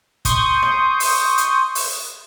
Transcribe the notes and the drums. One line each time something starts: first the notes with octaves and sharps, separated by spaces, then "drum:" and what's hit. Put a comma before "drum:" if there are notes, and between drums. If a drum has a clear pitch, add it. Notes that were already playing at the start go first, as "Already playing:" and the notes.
C6 C#6 D#6 G6, drum: kick, hi-hat
drum: rim click
drum: open hi-hat
drum: hi-hat
drum: open hi-hat